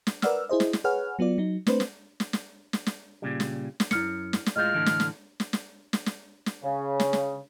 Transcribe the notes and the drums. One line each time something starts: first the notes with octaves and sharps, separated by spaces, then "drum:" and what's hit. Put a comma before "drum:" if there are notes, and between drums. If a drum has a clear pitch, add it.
drum: snare
A#4 B4 D5 F#5 E6 F6, drum: snare
E4 G#4 C5 D#5
drum: snare
drum: snare
G#4 B4 C#5 F#5 G#5 F6
F#3 B3 F4 D5
F#3 D#4
A3 C4 D4 B4 C5, drum: snare
drum: snare
drum: snare
drum: snare
drum: snare
drum: snare
A#2 C#3 G3
drum: snare
drum: snare
F#2 E4 F6 C#7, drum: snare
drum: snare
drum: snare
A2 G#3 F4 D#5 F6 G6
A2 D3 E3
drum: snare
drum: snare
drum: snare
drum: snare
drum: snare
drum: snare
drum: snare
C#3
drum: snare
drum: snare